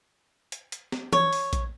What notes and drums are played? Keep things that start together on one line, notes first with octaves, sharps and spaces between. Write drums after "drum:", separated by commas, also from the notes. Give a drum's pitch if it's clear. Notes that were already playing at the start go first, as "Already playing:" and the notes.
drum: hi-hat
drum: hi-hat
drum: snare
C#5, drum: tom E3
drum: open hi-hat
drum: kick A#1, hi-hat